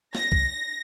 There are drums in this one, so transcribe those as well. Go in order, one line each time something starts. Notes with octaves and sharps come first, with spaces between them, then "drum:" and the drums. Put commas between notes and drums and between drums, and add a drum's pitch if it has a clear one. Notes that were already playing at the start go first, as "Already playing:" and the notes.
A#6, drum: snare
drum: kick C2